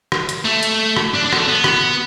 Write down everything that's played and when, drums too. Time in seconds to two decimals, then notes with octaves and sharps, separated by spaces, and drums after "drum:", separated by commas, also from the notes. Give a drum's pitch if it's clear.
0.12 drum: rim click
0.29 drum: hi-hat
0.45 A3
0.63 drum: hi-hat
0.96 drum: rim click
1.14 D4
1.24 D4
1.32 B3, drum: rim click
1.37 A3
1.48 B3
1.64 drum: rim click